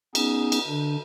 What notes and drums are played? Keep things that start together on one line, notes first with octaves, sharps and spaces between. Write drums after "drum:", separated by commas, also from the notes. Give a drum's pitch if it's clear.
B3 C#4 D#4 G#4, drum: cymbal
drum: cymbal
D3 D4